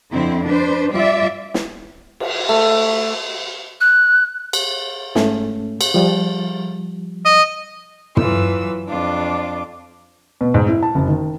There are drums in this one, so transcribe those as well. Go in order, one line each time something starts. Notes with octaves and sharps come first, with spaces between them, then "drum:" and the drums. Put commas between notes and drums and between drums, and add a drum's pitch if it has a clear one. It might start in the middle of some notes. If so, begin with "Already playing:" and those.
F2 D3 C4 E4
D4 B4 C5
G3 F4 D5 E5
drum: snare
drum: cymbal
A3
F#6
drum: cymbal
G#2 A3 C#4, drum: snare
drum: cymbal
F3 G3
D#5
E3 F#3 F4 B4 E6, drum: tom
F2 D4 F4 D6
B2
G#2
E4
A5
F#1
D#3